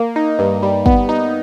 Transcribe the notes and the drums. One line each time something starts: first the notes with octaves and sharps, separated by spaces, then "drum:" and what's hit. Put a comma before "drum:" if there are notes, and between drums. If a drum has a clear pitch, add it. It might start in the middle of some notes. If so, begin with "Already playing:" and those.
Already playing: A#3
D#4
G2
G3
B3, drum: kick
D#4